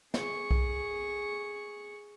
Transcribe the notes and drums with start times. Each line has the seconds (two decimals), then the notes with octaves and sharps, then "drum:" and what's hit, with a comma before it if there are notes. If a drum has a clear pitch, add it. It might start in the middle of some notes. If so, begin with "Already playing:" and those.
0.14 G#4 C#6, drum: snare
0.51 drum: kick B1